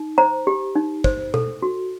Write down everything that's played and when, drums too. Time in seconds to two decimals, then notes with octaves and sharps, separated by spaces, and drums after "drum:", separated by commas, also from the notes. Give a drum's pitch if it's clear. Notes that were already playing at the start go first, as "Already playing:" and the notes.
Already playing: D#4
0.18 C5 A#5
0.47 G4
0.76 D#4
1.04 C5, drum: kick
1.34 A4, drum: tom B2
1.62 F#4